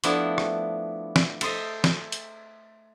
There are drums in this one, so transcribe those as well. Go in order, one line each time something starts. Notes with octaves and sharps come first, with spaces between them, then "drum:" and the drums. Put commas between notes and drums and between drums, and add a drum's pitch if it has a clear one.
F3 A3 B3 D4 E4 E5, drum: hi-hat
drum: rim click
drum: snare
A4 C5 D#5 E5, drum: cymbal
drum: snare
drum: hi-hat